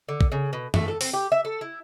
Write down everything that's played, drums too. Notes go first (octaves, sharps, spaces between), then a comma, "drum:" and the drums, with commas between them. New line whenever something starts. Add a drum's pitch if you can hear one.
D3
drum: kick
C#3
B2
A3, drum: tom F#2
A4
C4, drum: open hi-hat
G4
E5
A4
E4